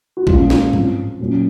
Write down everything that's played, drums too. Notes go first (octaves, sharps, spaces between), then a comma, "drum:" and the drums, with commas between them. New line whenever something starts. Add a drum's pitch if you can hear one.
F#4
A#2 F3 G#3 C#4 F4, drum: kick A#1
drum: snare
F3 C4, drum: tom G2
A#2 F#3 C#4